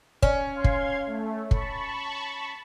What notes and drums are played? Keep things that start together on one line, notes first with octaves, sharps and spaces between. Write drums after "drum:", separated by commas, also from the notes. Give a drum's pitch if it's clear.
C#4, drum: kick
F5 C6 G#6
drum: kick
A3
A5 B5 C#6, drum: kick